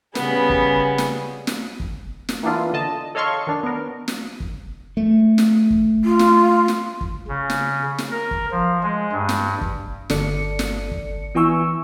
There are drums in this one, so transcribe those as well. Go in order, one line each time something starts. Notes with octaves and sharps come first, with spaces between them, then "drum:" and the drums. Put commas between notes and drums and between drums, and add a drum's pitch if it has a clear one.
C#3 G3 B3 G#4, drum: snare
drum: kick
drum: snare
drum: snare
drum: kick
drum: snare
E3 A#3 B3 D4 E4 F4
D3 D#5 A5
A4 C#5 D#5 F5 C6 C#6
D#3 D4
B3 A#4
drum: snare
drum: kick
A3
drum: snare
drum: kick
F4
drum: snare
drum: snare
drum: kick
C#3
drum: snare
drum: snare
A#4
drum: kick
F3
G#3
G2
drum: snare
drum: kick
G1 D3 A4 D5 C#7, drum: snare
drum: snare
drum: kick
E3 B3 E4 G#5 C#6 E6